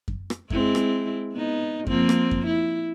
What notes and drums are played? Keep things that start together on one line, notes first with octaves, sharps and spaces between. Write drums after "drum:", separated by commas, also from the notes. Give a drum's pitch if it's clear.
drum: kick F#2
drum: rim click
G#3 C4 E4, drum: kick F#2
drum: rim click
B3 D#4
F3 A#3 C4, drum: kick F#2
drum: rim click
drum: kick F#2
E4